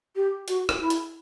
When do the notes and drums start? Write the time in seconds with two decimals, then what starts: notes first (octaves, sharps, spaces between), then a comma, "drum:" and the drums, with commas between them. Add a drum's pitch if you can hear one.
0.15 G4
0.48 F#4, drum: hi-hat
0.69 drum: rim click
0.80 E4
0.90 drum: hi-hat